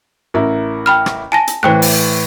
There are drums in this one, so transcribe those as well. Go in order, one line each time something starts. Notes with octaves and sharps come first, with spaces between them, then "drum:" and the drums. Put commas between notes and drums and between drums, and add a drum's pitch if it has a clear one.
A1 E4 A#4
G5 B5 F6
drum: rim click
G#5 A5 A#6
drum: hi-hat
A2 E3 C5 G5 F#6
drum: open hi-hat